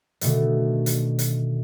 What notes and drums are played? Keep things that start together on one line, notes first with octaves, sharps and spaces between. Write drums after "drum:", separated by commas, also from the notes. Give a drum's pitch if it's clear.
B2 D3 D#3 A3, drum: hi-hat
drum: hi-hat
drum: hi-hat